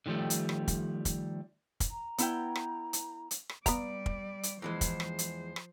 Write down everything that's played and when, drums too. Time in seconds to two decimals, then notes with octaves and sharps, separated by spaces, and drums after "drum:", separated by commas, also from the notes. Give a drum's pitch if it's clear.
0.06 D3 D#3 F3 G3 A3
0.30 drum: hi-hat
0.49 drum: rim click
0.68 drum: kick, hi-hat
1.05 drum: kick, hi-hat
1.80 drum: kick, hi-hat
1.90 A#5
2.18 B3 E4 G5, drum: hi-hat
2.55 drum: rim click
2.93 drum: hi-hat
3.31 drum: hi-hat
3.49 drum: rim click
3.66 G3 B3 D5 F5 A#5, drum: kick, hi-hat
4.06 drum: kick
4.43 drum: hi-hat
4.62 E2 E3 F3 G#3 C5
4.81 drum: kick, hi-hat
5.00 drum: rim click
5.19 drum: hi-hat
5.56 drum: rim click